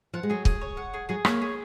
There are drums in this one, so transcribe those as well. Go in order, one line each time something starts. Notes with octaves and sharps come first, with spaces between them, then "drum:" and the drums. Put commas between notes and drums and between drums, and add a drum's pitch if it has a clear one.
F3 F#5
G#3
F#3 G#4
G#4, drum: kick
C#5
F#5
G#4
F#3 G#4
A#3 C#5, drum: rim click
G#4